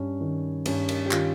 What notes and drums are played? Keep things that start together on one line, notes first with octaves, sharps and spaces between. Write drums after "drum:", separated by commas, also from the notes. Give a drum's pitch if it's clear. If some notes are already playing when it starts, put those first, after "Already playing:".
Already playing: G2 C#4
D#3
G2 C#4, drum: cymbal
drum: cymbal
G4
D#3 F4, drum: clap